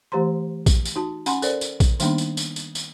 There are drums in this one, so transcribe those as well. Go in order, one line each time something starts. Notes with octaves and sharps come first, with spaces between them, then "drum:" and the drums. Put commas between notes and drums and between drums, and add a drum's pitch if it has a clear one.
E3 A3 G4 C5 A#5 C6
drum: kick A#1, tambourine
drum: tambourine
D#4 F#4 A5
C#4 F#5 G#5 B5 C6, drum: tambourine
A4 A#4 C5 D5, drum: tambourine
drum: tambourine
drum: kick A#1, tambourine
D#3 G3 A#3 B3 D4 D#4, drum: tambourine
drum: tambourine
drum: tambourine
drum: tambourine
drum: tambourine